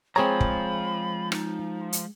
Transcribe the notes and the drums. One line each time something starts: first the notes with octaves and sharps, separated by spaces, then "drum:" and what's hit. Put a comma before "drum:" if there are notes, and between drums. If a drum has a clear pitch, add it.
F3 G#3 C4 G#4 C#5 A#5 B5
drum: kick
D#4, drum: rim click
drum: hi-hat